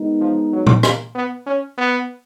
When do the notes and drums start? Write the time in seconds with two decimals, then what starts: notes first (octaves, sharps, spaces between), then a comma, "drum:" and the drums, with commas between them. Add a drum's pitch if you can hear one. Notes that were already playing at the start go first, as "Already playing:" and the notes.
Already playing: G#3 B3 D#4 A#4
0.21 F3
0.53 F#3
0.67 drum: tom A#2
0.83 A#3, drum: rim click
1.15 B3
1.46 C#4
1.78 B3